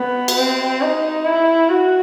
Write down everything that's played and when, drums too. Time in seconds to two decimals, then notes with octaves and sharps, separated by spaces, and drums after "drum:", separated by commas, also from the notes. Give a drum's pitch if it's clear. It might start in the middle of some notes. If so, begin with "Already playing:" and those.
Already playing: B3
0.28 drum: cymbal
0.38 C4
0.82 D#4
1.25 E4
1.69 F#4